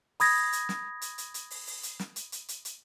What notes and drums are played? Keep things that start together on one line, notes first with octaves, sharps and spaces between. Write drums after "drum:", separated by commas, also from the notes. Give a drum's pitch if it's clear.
B5 D#6 G#6 A#6, drum: open hi-hat
drum: hi-hat
drum: snare
drum: hi-hat
drum: hi-hat
drum: hi-hat
drum: open hi-hat
drum: open hi-hat
drum: hi-hat
drum: snare
drum: hi-hat
drum: hi-hat
drum: hi-hat
drum: hi-hat